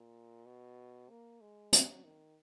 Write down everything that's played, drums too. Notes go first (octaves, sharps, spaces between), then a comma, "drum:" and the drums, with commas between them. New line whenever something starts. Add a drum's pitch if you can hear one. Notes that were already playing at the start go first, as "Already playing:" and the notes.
Already playing: A#2
B2
A#3
G#3
F#3, drum: hi-hat
D#3